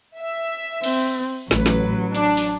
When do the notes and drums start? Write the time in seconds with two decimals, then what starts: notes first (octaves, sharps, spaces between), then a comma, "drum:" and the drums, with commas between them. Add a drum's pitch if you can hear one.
0.19 E5
0.84 C4, drum: cymbal
1.51 A1 F#3 B4, drum: snare
1.66 drum: snare
2.15 D4, drum: hi-hat
2.37 drum: open hi-hat